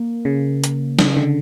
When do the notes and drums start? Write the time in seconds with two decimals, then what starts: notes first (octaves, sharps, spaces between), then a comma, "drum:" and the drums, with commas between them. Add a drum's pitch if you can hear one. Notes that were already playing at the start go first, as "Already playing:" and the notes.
Already playing: A#3
0.25 C#3
0.64 drum: hi-hat
0.99 C#3, drum: snare
1.17 D3